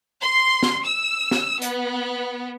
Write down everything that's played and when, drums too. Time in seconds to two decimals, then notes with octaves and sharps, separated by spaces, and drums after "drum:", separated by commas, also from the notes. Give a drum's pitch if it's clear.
0.22 C6
0.63 drum: snare
0.84 E6
1.31 drum: snare
1.62 B3, drum: hi-hat